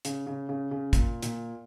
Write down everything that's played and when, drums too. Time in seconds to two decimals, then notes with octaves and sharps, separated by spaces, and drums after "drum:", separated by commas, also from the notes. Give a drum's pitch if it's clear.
0.05 C#3, drum: hi-hat
0.27 C#3
0.49 C#3
0.71 C#3
0.93 A#2, drum: kick, hi-hat
1.23 A#2, drum: hi-hat